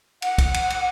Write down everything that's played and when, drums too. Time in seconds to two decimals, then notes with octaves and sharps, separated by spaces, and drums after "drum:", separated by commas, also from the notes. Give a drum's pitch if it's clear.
0.22 F#5, drum: cymbal
0.38 drum: kick, cymbal
0.54 drum: cymbal
0.70 drum: cymbal